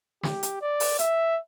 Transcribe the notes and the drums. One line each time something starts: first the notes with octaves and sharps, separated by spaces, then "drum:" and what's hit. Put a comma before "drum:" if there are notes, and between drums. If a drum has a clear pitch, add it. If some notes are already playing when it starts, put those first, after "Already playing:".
G4, drum: snare
drum: hi-hat
D5
drum: open hi-hat
E5, drum: hi-hat